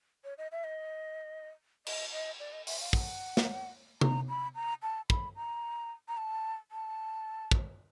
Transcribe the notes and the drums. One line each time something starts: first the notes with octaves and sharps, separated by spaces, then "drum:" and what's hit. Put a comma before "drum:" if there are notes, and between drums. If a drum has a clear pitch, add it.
C#5
D#5
E5
D#5
D#5, drum: cymbal
D#5
D5
D#5
E5, drum: open hi-hat
F5
F#5, drum: kick
drum: snare
A#5, drum: tom C3
B5
A#5
A5
B5, drum: kick
A#5
A#5
A5
A5
drum: kick